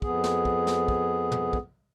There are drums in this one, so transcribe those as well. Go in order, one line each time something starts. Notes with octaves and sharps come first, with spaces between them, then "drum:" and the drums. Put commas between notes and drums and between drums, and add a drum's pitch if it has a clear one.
F2 B3 G#4, drum: kick
drum: snare
drum: kick
drum: snare
drum: kick
drum: tom
drum: kick